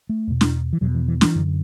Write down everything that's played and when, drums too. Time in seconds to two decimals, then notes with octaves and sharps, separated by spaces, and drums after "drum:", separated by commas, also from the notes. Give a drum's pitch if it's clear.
0.09 A3
0.27 E2 B2
0.41 drum: snare
0.73 E3
0.81 E2 B2 F#3
0.95 E3
1.08 E3
1.21 E3, drum: snare
1.35 F#2 D3